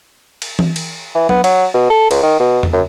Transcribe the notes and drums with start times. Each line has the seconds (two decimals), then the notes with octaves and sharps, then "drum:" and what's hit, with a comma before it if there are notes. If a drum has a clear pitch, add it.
0.42 drum: cymbal
0.59 drum: tom E3
0.76 drum: cymbal
1.15 E3
1.29 B3, drum: tom F#3
1.44 F#3, drum: cymbal
1.74 B2
1.90 A4
2.11 C#2, drum: cymbal
2.23 D#3
2.40 B2
2.63 drum: tom E2
2.73 F#2